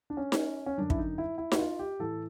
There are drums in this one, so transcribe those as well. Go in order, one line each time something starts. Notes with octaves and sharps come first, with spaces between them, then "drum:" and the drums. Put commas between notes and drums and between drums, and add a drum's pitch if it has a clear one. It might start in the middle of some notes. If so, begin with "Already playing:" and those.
D4
C#4
drum: snare D#4
C#4
F#2 D3 F#3 D4
E4, drum: kick
D#4
E4
E4
F#4, drum: snare D#4
F4
G4
A2 E3 A4